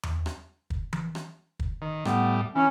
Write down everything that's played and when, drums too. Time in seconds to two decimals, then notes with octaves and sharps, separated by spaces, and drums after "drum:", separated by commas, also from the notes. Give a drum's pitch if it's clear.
0.03 drum: tom E2
0.26 drum: rim click
0.70 drum: kick
0.93 drum: tom E3
1.15 drum: rim click
1.59 drum: kick
1.82 D#3
2.05 A2 G3 B3, drum: rim click
2.55 E3 C#4